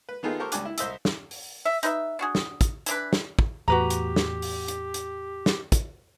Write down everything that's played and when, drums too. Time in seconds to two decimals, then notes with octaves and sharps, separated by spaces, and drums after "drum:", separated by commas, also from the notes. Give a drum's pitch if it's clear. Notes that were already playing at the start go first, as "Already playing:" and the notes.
0.09 B4
0.23 D#3 A3 B3 D#4 F4 G#4
0.39 G4 A4 A#4 C5 C#6
0.52 C#2 G3 D4 G#5 D6 F#6, drum: hi-hat
0.65 E4
0.78 C2 C5 D#5 E5 E6, drum: hi-hat
1.05 drum: snare
1.31 drum: open hi-hat
1.65 E5
1.83 D#4 B4 D#5 E5, drum: hi-hat
2.19 D4 F#4 G#4
2.35 drum: snare
2.61 drum: kick, hi-hat
2.86 E3 D4 B4, drum: hi-hat
3.13 drum: snare
3.39 drum: kick
3.68 E2 A2 F#4 G4 B4 A#5
3.90 drum: hi-hat
4.16 drum: snare
4.42 drum: open hi-hat
4.68 drum: hi-hat
4.94 drum: hi-hat
5.46 drum: snare
5.72 drum: kick, hi-hat